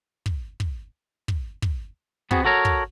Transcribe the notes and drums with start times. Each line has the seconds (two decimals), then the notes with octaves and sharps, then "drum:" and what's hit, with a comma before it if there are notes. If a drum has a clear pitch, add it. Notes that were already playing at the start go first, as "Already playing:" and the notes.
0.26 drum: kick
0.60 drum: kick
1.28 drum: kick
1.62 drum: kick
2.31 B3 C4 F#4 G#4, drum: kick
2.45 F#4 A4 A#4 C#5
2.65 drum: kick